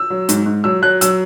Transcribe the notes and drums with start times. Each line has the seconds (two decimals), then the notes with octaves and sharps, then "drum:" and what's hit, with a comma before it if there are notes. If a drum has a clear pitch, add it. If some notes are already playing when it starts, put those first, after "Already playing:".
Already playing: E6
0.10 F#3
0.29 G#2, drum: hi-hat
0.46 G#2
0.64 F#3 E6
0.82 F#3 F#6
1.01 F#3 E6, drum: hi-hat